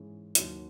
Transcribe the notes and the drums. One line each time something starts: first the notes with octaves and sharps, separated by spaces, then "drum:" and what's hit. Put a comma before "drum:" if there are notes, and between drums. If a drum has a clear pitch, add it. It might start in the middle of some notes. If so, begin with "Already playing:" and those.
Already playing: G#2 E3 G#3 C#4
D#2 D#3 F#3, drum: hi-hat